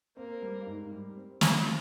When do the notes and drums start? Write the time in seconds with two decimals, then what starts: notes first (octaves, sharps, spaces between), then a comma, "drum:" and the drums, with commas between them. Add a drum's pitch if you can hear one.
0.17 A#3 C4
0.42 G3
0.66 G#2
0.92 G3
1.16 C4
1.41 E3, drum: snare